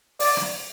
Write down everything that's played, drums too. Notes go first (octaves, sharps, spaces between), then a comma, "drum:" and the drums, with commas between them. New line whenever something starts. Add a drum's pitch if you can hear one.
D5, drum: open hi-hat
drum: rim click